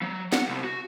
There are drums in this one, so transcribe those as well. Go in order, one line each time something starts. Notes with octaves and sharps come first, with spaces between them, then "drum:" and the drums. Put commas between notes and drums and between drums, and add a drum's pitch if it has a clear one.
F#3
F#5, drum: snare
C2
F#4